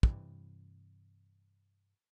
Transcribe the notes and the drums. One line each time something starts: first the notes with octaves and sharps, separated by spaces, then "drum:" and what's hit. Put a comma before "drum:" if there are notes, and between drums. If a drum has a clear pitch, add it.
G2 C3 E3, drum: kick